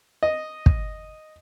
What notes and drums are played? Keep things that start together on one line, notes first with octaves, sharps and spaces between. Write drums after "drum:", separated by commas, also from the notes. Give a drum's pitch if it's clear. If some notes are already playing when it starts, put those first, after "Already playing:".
D#5
drum: kick